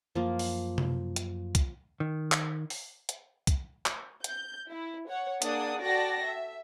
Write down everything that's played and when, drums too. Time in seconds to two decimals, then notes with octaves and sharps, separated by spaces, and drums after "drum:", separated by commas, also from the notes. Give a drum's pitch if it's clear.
0.15 F#2 F3 A#3 F4
0.39 drum: open hi-hat
0.78 drum: tom C3
1.16 drum: hi-hat
1.55 drum: kick, hi-hat
2.00 D#3
2.32 drum: clap
2.70 drum: open hi-hat
3.09 drum: hi-hat
3.47 drum: kick, hi-hat
3.86 drum: clap
4.24 G6, drum: hi-hat
4.70 E4
5.09 C#5 F#5
5.42 A#3 D4 G#4 D5 F#5 D#6, drum: hi-hat
5.83 F#4 A4 D5 G5 A5 A#6
6.25 E5